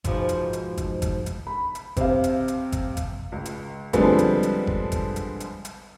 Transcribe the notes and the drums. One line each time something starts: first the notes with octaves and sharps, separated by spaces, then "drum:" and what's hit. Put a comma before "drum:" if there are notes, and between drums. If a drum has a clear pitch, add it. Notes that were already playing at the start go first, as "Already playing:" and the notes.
G#2 B2 F3, drum: kick G#1, hi-hat
drum: hi-hat
drum: hi-hat
drum: kick G#1, hi-hat
drum: kick G#1, hi-hat
drum: hi-hat
B5
drum: hi-hat
C3 C5 F5, drum: kick G#1, hi-hat
drum: hi-hat
drum: hi-hat
drum: kick G#1, hi-hat
drum: kick G#1, hi-hat
C#2
drum: hi-hat
D3 F3 G3 G#3 B3 C4, drum: kick G#1, hi-hat
drum: hi-hat
drum: hi-hat
drum: kick G#1
drum: kick G#1, hi-hat
drum: hi-hat
drum: hi-hat
drum: hi-hat